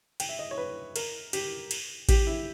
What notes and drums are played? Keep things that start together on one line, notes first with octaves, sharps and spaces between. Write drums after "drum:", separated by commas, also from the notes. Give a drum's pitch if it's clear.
G5, drum: cymbal
E5
D#5
C#5
B4
A#4, drum: cymbal
G4, drum: cymbal
drum: cymbal
G4, drum: kick A1, cymbal
E4